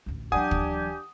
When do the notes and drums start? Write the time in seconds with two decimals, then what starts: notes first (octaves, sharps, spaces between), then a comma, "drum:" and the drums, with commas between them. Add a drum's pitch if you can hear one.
0.06 A1 D2
0.32 E3 F#3 D4 G4 F#5 G#5 D#6
0.51 drum: kick